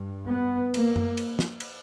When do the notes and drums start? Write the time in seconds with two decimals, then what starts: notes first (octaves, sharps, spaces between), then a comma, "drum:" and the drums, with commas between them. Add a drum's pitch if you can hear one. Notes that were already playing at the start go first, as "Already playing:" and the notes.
Already playing: G2
0.31 B3
0.74 A#3, drum: cymbal
0.96 drum: tom F#2
1.17 drum: cymbal
1.39 drum: snare
1.60 drum: cymbal